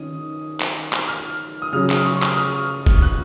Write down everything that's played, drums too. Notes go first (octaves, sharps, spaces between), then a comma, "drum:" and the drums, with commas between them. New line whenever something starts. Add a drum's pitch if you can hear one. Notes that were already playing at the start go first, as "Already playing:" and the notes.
Already playing: D#3 C#4 D#6
drum: clap
drum: clap
F6
D#6
C#3 F#3 C#4 F6
D#6, drum: clap
C#6
D#6, drum: clap
F6
drum: kick F#1
F#6